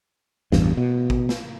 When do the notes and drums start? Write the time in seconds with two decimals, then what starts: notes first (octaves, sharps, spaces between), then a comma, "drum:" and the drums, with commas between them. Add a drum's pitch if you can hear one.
0.52 A1 E2 G2, drum: snare
0.77 B2
1.10 drum: kick A1
1.29 drum: snare